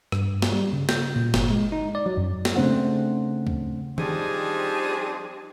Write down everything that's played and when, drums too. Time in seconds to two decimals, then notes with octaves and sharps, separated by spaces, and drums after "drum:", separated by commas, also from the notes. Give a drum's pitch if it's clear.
0.12 G2, drum: rim click
0.42 drum: snare
0.52 G3
0.73 C#3
0.89 G6, drum: snare
1.16 A#2
1.34 G1, drum: snare
1.50 G#3
1.72 D#4
1.95 D5
2.06 F#3
2.17 F#2
2.45 drum: snare
2.56 C#3 A3 C4 D4 C5 F#5
3.47 drum: kick
3.98 F3 G3 C4 D4 D#4 G#4, drum: tom D#3